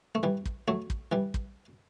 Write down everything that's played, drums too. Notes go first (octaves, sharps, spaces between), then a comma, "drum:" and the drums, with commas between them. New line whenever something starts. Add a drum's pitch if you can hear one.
A3
E3 G3
drum: kick
F#3 A3
drum: kick
E3 G3
drum: kick